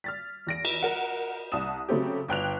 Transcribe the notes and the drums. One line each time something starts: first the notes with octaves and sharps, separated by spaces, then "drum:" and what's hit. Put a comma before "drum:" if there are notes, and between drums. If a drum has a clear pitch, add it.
F6 A6 B6
E2 A#6 D7
drum: cymbal
A#4 F#5
C2 F#5 A5 D#6 E7
C#3 F#3 A3 C4 G4
G1 G5 F#6 F7